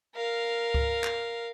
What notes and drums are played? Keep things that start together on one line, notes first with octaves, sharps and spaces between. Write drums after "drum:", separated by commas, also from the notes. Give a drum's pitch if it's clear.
A#4 F5
drum: kick C#2
drum: clap